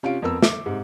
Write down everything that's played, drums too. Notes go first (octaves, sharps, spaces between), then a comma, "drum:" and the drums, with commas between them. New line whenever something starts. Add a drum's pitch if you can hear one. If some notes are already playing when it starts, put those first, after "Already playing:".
C3 C#4 F4 F5 D7
F2 B3 A#4 E6
D6, drum: snare
G#2 C3